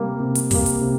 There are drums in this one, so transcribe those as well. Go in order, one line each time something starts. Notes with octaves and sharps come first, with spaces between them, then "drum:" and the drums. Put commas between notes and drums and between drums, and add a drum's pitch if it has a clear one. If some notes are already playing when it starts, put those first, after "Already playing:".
Already playing: C3 G3 A#3
C3
drum: hi-hat
G3 A#3, drum: kick, open hi-hat
drum: hi-hat
C3